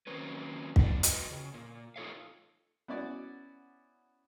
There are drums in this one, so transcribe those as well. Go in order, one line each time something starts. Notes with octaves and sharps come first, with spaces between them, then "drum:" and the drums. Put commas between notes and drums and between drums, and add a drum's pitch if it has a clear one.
D#3 F#3 A#3 C4 C#4 B4
B2 D4, drum: kick
F4 F#4 B4 D#5 G5, drum: hi-hat
C#3
A#2
D#4 F4 A4 C#5 F5
B3 C#4 E4 F#4 D5